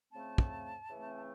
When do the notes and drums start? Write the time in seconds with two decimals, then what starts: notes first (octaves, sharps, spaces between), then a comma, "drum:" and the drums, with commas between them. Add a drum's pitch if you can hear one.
0.12 C#3 F3 A3 C4 A5
0.38 drum: kick
0.90 C#3 E3 A3 C4